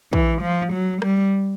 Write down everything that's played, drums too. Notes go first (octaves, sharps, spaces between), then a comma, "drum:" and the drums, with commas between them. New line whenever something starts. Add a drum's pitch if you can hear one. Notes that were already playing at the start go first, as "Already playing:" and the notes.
E3, drum: kick
F3
F#3
G3, drum: rim click